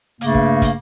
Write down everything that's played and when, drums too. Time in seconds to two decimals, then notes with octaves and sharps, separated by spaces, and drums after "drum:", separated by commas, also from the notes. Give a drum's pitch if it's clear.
0.21 G2 C#3 A3 A#3, drum: hi-hat
0.35 drum: kick
0.62 drum: kick, hi-hat